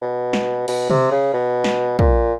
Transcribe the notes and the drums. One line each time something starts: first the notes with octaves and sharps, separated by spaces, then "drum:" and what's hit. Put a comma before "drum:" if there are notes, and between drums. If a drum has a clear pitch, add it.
B2
drum: snare
B2, drum: cymbal
C3, drum: tom
C#3
B2
drum: snare
A#2, drum: kick